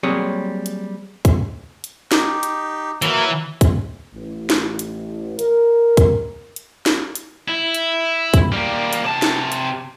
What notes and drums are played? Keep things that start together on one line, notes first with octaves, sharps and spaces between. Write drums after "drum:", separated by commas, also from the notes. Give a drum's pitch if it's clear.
F#3 G3 A#3 C4 G#4 C#5
drum: hi-hat
drum: kick, hi-hat
drum: hi-hat
D#4 G4, drum: snare
drum: hi-hat
E3 F#3 A#3 E4, drum: hi-hat
drum: kick, hi-hat
A1
drum: snare
drum: hi-hat
A#4, drum: hi-hat
drum: kick, hi-hat
drum: hi-hat
drum: snare
drum: hi-hat
E4
drum: hi-hat
drum: kick, hi-hat
G3 A#3
drum: hi-hat
C3 A5
drum: snare
drum: hi-hat